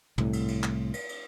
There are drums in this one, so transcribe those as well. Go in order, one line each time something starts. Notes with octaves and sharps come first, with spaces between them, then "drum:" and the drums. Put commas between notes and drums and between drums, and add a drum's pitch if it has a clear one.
C2 A2, drum: tom
drum: cymbal
drum: cymbal
drum: clap
drum: cymbal
drum: cymbal